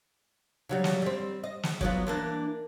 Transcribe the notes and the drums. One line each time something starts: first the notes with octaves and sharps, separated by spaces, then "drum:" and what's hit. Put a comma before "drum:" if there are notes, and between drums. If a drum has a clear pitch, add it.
C#3 F#3 G3
drum: snare
G3 C4
D#5
drum: snare
F#3 B3 F4, drum: kick
E3 A#3 D4